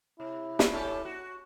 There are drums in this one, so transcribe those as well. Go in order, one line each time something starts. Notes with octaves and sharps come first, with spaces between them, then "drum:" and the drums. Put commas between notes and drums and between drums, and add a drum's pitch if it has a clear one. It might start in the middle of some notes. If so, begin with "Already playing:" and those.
C3 E4
drum: snare
C#4 G4 A4
F#4